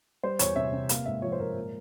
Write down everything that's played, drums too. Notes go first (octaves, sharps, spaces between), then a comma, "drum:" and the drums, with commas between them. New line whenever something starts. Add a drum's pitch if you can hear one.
G3 C5
E2 C#5, drum: hi-hat
C3 E5
C3
A#3 F5, drum: hi-hat
G#2 E5
F3 C#5
C5
G#2 A#4
A#2